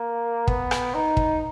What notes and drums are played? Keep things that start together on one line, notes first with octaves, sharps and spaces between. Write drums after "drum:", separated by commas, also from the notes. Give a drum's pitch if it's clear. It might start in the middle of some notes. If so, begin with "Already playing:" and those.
Already playing: A#3
B3, drum: kick
drum: rim click
D#4
drum: kick